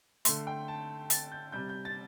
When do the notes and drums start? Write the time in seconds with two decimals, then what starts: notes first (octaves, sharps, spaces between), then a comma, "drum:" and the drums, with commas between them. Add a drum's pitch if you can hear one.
0.25 D3 A3 C6, drum: hi-hat
0.47 G5
0.68 A5
1.10 A6, drum: hi-hat
1.32 G6
1.52 C3 G3 G6
1.69 G6
1.85 A6